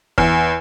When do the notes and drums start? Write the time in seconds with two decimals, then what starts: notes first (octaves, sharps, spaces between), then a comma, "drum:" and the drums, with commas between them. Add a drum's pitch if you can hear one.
0.18 E2, drum: kick F#1